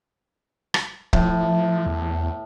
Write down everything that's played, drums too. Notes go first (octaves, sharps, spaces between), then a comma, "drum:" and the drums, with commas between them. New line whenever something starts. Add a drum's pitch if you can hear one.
drum: rim click
A2 F3, drum: kick C#1
E2